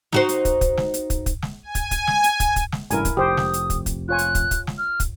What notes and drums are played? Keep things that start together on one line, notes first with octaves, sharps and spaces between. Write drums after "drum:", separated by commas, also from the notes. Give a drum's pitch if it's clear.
D#4 F#4 C5, drum: snare
drum: hi-hat
drum: kick, hi-hat
drum: kick, hi-hat
drum: snare
drum: hi-hat
drum: kick, hi-hat
drum: kick, hi-hat
drum: snare
G#5
drum: kick, hi-hat
drum: kick, hi-hat
drum: snare
drum: hi-hat
drum: kick, hi-hat
drum: kick, hi-hat
drum: snare
A1 G2 C#3 E4 A#4 G#5, drum: hi-hat
drum: kick, hi-hat
F1 G4 C5 D#6
drum: snare
drum: hi-hat
drum: kick, hi-hat
drum: kick, hi-hat
F4 C#5 G#5 F#6
drum: hi-hat
drum: kick, hi-hat
drum: kick, hi-hat
drum: snare
F6
drum: kick, hi-hat